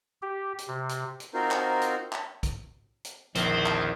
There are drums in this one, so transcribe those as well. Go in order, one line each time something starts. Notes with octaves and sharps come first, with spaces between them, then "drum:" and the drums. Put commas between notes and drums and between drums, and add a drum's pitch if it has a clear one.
G4
drum: hi-hat
C3
drum: hi-hat
drum: hi-hat
C4 D#4 F4 F#4 A#4 C5
drum: clap
drum: hi-hat
drum: clap
drum: kick B1, hi-hat
drum: hi-hat
A#1 E2 D#3 C4, drum: hi-hat
drum: clap